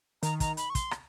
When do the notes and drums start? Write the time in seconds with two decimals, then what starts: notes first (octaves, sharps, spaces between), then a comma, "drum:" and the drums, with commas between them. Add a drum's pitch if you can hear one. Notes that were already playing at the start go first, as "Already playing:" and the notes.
0.23 D#3 A#5, drum: hi-hat
0.40 A#5, drum: kick, hi-hat
0.57 B5, drum: hi-hat
0.70 C#6
0.75 C6, drum: kick, hi-hat
0.91 drum: rim click